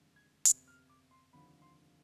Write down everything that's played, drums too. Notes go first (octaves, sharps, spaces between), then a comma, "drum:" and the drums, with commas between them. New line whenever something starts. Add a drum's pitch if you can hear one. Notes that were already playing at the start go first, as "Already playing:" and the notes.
Already playing: F1 D#2 D3 F3 G#3
G#6
G1 F2 C3, drum: hi-hat
F6
D6
C6
F1 D#2 D3 F3 B5
C6